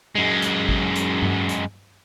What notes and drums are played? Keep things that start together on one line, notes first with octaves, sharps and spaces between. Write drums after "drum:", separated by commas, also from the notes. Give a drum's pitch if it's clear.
F#2 G#3
drum: hi-hat
drum: kick G#1
drum: hi-hat
drum: tom G2
drum: hi-hat